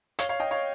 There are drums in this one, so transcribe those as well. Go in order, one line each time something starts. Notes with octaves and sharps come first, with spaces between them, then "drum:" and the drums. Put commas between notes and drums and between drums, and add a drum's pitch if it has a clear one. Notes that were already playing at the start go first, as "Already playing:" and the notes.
C#5 F5, drum: hi-hat
C#5 F5
D#5 G5
C#5 F5